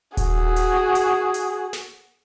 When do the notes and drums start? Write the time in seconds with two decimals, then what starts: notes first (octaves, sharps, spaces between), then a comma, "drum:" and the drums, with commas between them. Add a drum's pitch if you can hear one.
0.17 F#4 G#4, drum: kick D#1, hi-hat
0.56 drum: hi-hat
0.95 drum: hi-hat
1.34 drum: hi-hat
1.73 drum: snare